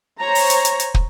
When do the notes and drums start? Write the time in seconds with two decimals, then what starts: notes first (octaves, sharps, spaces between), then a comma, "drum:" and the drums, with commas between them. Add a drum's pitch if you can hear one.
0.20 C5 C#5 A#5
0.35 drum: open hi-hat
0.50 drum: hi-hat
0.65 drum: hi-hat
0.80 drum: hi-hat
0.94 drum: kick